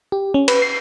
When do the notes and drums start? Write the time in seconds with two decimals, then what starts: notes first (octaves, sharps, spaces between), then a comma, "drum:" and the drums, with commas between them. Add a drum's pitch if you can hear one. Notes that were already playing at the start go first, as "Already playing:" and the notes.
0.12 G4
0.34 C#4
0.48 B4, drum: cymbal
0.62 C7